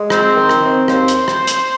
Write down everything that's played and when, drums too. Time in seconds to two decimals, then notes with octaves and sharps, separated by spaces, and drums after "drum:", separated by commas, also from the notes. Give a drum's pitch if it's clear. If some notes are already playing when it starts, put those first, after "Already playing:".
Already playing: G#3
0.10 C4 C5, drum: rim click
0.36 D#3
0.49 drum: rim click
0.63 C4
0.88 D#2 C5, drum: rim click
1.08 drum: hi-hat
1.28 drum: rim click
1.47 drum: hi-hat